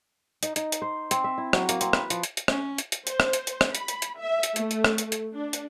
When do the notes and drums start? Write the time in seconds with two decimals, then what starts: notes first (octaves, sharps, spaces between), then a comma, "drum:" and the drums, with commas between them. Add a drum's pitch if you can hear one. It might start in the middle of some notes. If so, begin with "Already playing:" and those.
0.43 D#4, drum: hi-hat
0.56 D#4, drum: hi-hat
0.72 drum: hi-hat
0.82 C5
1.11 C4, drum: hi-hat
1.24 E5
1.38 E4
1.53 F#3, drum: rim click
1.69 A#3, drum: hi-hat
1.81 C4, drum: hi-hat
1.93 B4, drum: rim click
2.10 F3, drum: hi-hat
2.23 drum: hi-hat
2.37 drum: hi-hat
2.48 C#4, drum: rim click
2.78 drum: hi-hat
2.92 drum: hi-hat
3.07 C5, drum: hi-hat
3.20 drum: rim click
3.33 drum: hi-hat
3.47 drum: hi-hat
3.61 drum: rim click
3.75 B5, drum: hi-hat
3.88 drum: hi-hat
4.02 drum: hi-hat
4.20 E5
4.43 drum: hi-hat
4.56 A3, drum: hi-hat
4.71 drum: hi-hat
4.84 drum: rim click
4.98 drum: hi-hat
5.12 drum: hi-hat
5.34 D4
5.53 drum: hi-hat